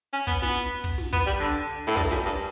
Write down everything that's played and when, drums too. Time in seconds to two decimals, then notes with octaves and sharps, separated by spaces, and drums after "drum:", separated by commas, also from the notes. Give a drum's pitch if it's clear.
0.13 C#4
0.27 B3, drum: kick
0.42 B3, drum: snare
0.84 drum: kick
0.98 drum: snare
1.13 B3, drum: kick
1.26 G3
1.40 D3
1.87 A2
1.96 G2, drum: kick
2.11 F#2, drum: snare
2.25 G2